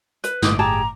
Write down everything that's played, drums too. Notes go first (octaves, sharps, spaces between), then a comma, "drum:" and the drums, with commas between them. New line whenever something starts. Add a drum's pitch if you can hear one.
B4, drum: hi-hat
G1 A2 D6 D#6, drum: snare
G4 G#4 A5 A#5